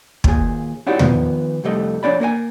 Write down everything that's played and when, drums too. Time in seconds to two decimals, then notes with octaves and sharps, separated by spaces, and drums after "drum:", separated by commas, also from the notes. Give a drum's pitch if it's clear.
0.24 D#2 A#2 G#4, drum: kick
0.87 C#4 D#4 E4 F#4 G4 D5
0.99 D#3 F3 B3 C5, drum: tom
1.64 C2 F2 G3 A3 D#5
2.03 F2 C#4 D4 D5 B5
2.20 A#3 A#4 C#5 G#5